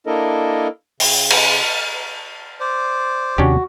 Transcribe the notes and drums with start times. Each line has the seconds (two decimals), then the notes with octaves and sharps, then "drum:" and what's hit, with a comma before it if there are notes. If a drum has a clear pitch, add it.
0.07 A#3 D4 E4 A4 A#4 D#5
1.00 C#3, drum: open hi-hat
1.30 drum: cymbal
2.60 C5 D5
3.38 D#2 C3 C#4 D4 F#4 G4